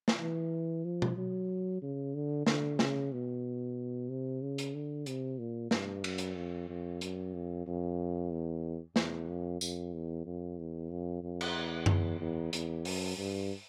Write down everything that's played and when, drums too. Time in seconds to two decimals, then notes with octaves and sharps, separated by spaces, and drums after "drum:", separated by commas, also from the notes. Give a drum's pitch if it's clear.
0.08 drum: snare
0.20 E3
0.84 F3
1.02 drum: tom B2
1.17 F#3
1.82 C#3
2.15 D3
2.47 D3, drum: snare
2.79 C#3, drum: snare
3.12 B2
4.09 C3
4.42 C#3
4.58 drum: hi-hat
4.74 D3
5.06 C3, drum: hi-hat
5.39 A#2
5.71 G2, drum: snare
6.04 F#2, drum: cymbal
6.18 drum: hi-hat
6.36 F2
6.69 F2
7.01 F#2, drum: hi-hat
7.34 F2
7.66 F2
8.31 E2
8.96 E2, drum: snare
9.28 F2
9.61 F2, drum: tambourine
9.93 E2
10.26 F2
10.59 E2
10.90 F2
11.23 F2
11.41 drum: cymbal
11.56 E2
11.86 drum: tom F#2
12.20 E2
12.53 E2, drum: hi-hat
12.85 F#2, drum: open hi-hat
13.18 G2